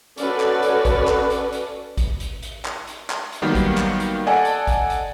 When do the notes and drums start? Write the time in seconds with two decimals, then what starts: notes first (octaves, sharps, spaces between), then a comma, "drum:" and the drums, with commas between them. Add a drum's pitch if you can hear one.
0.18 C#4 F#4 A4 B4 D5, drum: hi-hat
0.40 drum: clap
0.63 drum: hi-hat
0.85 drum: kick A1, hi-hat
1.08 drum: clap
1.30 drum: hi-hat
1.53 drum: hi-hat
1.98 drum: kick A1, hi-hat
2.20 drum: hi-hat
2.42 drum: hi-hat
2.65 drum: clap
2.87 drum: hi-hat
3.10 drum: clap
3.32 drum: hi-hat
3.42 D#3 F#3 G3 A#3 B3
3.55 drum: kick A1, hi-hat
3.77 drum: clap
4.00 drum: hi-hat
4.27 A4 D5 D#5 F#5 G#5 A5
4.45 drum: hi-hat
4.67 drum: kick A1, hi-hat
4.90 drum: hi-hat